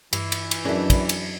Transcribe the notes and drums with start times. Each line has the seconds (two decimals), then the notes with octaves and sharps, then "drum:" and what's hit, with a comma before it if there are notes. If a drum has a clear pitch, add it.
0.13 G2 E3, drum: cymbal
0.32 drum: cymbal
0.51 drum: cymbal
0.65 F#2 C#4 D4 E4 G#4 A#4
0.90 drum: kick, cymbal
1.09 drum: cymbal